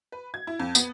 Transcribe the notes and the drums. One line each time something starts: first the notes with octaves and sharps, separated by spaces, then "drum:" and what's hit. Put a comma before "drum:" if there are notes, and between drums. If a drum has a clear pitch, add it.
B4
G#6
E4
F2
B3, drum: tambourine